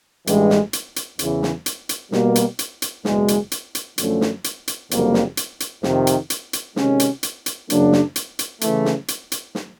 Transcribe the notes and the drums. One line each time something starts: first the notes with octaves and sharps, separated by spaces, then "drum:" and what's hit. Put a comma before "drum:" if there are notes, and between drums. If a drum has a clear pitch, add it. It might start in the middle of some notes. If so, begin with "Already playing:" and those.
A1 G2 E3 G#3, drum: hi-hat
drum: snare
drum: hi-hat
drum: hi-hat
E2 C#3 E3, drum: hi-hat
drum: snare
drum: hi-hat
drum: hi-hat
B2 G3 A#3, drum: snare
drum: hi-hat
drum: hi-hat
drum: hi-hat
F#1 E2 B2 G#3, drum: snare
drum: hi-hat
drum: hi-hat
drum: hi-hat
F#2 D3 F3 A3 C#4, drum: hi-hat
drum: snare
drum: hi-hat
drum: hi-hat
F#1 F2 D3 G3 A#3, drum: hi-hat
drum: snare
drum: hi-hat
drum: hi-hat
F2 C3 D#3, drum: snare
drum: hi-hat
drum: hi-hat
drum: hi-hat
C3 D#3 G#3 C#4, drum: snare
drum: hi-hat
drum: hi-hat
drum: hi-hat
F#2 C#3 F#3 A#3 D4, drum: hi-hat
drum: snare
drum: hi-hat
drum: hi-hat
C#3 E3 A3, drum: hi-hat
drum: snare
drum: hi-hat
drum: hi-hat
drum: snare